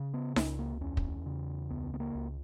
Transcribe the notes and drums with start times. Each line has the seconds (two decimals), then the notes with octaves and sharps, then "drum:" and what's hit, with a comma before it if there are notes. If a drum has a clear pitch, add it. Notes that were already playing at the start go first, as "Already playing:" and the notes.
Already playing: C#3
0.14 B3
0.36 C#2 C#4, drum: snare D#4
0.59 A#3
0.81 E2 C#4
0.97 drum: kick
1.26 C#3
1.70 C#2 B3
1.94 B3
2.00 A#3
2.15 C#2